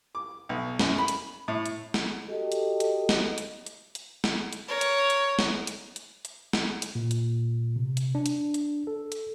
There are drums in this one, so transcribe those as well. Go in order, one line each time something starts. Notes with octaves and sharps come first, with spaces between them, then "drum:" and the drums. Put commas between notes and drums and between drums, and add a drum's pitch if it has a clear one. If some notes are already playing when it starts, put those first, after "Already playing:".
D6
B1
F#2, drum: snare
B5
drum: hi-hat
A2
drum: hi-hat
drum: snare
F#4 G4 A4 D#5
drum: hi-hat
drum: hi-hat
drum: snare
drum: hi-hat
drum: hi-hat
drum: hi-hat
drum: snare
drum: hi-hat
A#4 C#5
drum: hi-hat
drum: hi-hat
drum: snare
drum: hi-hat
drum: hi-hat
drum: hi-hat
drum: snare
drum: hi-hat
A#2
drum: hi-hat
C3
drum: hi-hat
D4
drum: hi-hat
drum: hi-hat
A4
drum: hi-hat